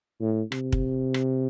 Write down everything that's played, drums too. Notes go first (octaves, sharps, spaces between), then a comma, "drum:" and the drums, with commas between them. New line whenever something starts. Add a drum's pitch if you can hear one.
A2
C3, drum: rim click
drum: kick
drum: rim click